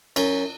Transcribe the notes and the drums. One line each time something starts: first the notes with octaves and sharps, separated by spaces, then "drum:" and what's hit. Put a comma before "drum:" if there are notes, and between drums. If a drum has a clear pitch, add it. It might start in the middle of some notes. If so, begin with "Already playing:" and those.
F#2, drum: cymbal